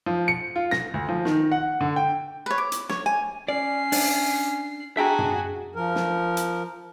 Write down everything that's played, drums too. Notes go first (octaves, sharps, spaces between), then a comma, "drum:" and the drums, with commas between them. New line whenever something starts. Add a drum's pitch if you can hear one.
F3
C#7
F4
A#6, drum: snare
D2
F3
D#3, drum: snare
F#5
D3
G5
B4 C#5
D6
drum: hi-hat
C#5, drum: snare
G#5
C#4 D5 C7
D4, drum: open hi-hat
D4 F#4 G#4 E5 G5 G#5 A#5
drum: tom F#2
F3 A#4
drum: snare
drum: hi-hat